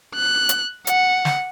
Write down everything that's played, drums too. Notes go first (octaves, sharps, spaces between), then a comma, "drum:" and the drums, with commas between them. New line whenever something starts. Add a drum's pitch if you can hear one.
F#6
drum: hi-hat
F#5, drum: hi-hat
drum: snare